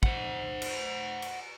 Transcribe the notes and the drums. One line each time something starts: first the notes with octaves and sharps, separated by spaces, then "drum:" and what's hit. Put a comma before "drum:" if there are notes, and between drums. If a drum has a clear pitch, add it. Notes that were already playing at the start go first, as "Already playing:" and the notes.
C5 F#5, drum: kick
drum: cymbal
drum: cymbal